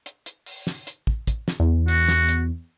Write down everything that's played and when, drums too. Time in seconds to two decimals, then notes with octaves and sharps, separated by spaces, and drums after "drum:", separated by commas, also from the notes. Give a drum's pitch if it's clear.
0.06 drum: hi-hat
0.26 drum: hi-hat
0.46 drum: open hi-hat
0.67 drum: snare
0.87 drum: hi-hat
1.07 drum: kick
1.27 drum: kick, hi-hat
1.48 drum: snare
1.60 E2
1.88 F#4, drum: hi-hat
2.08 drum: snare
2.29 drum: hi-hat